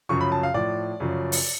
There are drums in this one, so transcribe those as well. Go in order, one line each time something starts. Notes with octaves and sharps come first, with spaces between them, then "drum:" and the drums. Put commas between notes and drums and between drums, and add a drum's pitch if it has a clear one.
F#2 C#3 F3 C#6
B5
A5
F5
A2 F3 D5
F#2 C#3 F3
drum: open hi-hat